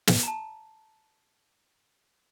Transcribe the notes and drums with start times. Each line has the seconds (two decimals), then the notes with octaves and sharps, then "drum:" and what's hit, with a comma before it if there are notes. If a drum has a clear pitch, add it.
0.07 drum: snare
0.23 A5 A#5